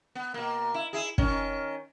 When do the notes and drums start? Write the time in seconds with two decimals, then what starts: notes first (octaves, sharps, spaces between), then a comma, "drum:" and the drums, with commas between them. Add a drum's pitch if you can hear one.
0.15 B3
0.34 B2 A#3
0.74 E4
0.93 E4 G#4
1.18 D#3 C#4, drum: kick